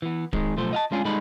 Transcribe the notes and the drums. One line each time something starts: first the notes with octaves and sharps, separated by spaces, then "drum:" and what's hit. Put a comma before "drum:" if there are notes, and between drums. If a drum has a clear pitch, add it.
E3 B3
D#3 G#3, drum: kick D1
B1 F3 A3 C5
D#5 F5 A5
G#3 C#4 D4 F4 G#4
G3 G#3 D#4 A4 B5